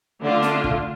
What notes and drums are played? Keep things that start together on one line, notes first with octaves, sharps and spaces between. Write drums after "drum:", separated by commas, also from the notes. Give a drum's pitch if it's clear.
D3 A3 D4 F4
drum: snare
drum: kick